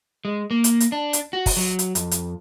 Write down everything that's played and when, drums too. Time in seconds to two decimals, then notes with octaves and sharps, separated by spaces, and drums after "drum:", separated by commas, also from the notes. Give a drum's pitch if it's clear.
0.25 G#3
0.51 A#3
0.64 drum: hi-hat
0.80 drum: hi-hat
0.92 D4
1.13 drum: hi-hat
1.33 F#4
1.46 drum: kick, open hi-hat
1.57 F#3
1.79 drum: hi-hat
1.95 F2, drum: hi-hat
2.11 drum: hi-hat